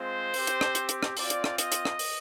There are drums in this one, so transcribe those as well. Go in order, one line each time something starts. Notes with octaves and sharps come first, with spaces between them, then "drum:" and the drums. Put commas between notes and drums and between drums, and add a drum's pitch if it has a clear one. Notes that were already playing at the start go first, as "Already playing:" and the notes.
Already playing: G#3 C4 F4 C5
C4 G4, drum: open hi-hat
drum: hi-hat
drum: rim click
drum: hi-hat
drum: hi-hat
drum: rim click
C4 F4 D5, drum: open hi-hat
drum: hi-hat
drum: rim click
D#5, drum: hi-hat
drum: hi-hat
drum: rim click
drum: open hi-hat